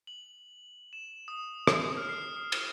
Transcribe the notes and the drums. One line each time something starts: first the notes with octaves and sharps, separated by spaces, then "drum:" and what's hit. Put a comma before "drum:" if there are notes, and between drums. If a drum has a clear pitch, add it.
F#7
E7
D#6
C7, drum: rim click
F6
C7
drum: cymbal